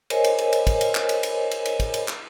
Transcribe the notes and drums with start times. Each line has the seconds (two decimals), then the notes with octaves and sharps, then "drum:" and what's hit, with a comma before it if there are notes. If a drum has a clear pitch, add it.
0.10 A#4 C5 C#5 D#5 G#5, drum: cymbal
0.24 drum: cymbal
0.39 drum: cymbal
0.53 drum: cymbal
0.67 drum: kick, cymbal
0.81 drum: cymbal
0.95 drum: clap
1.09 drum: cymbal
1.23 drum: cymbal
1.51 drum: cymbal
1.66 drum: cymbal
1.80 drum: kick, cymbal
1.94 drum: cymbal
2.08 drum: clap